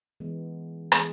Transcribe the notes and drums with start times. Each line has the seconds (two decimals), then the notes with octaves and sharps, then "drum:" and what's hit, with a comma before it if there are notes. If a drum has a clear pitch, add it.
0.20 E3 G#3 B3
0.92 E3 G#3 B3 G#4, drum: rim click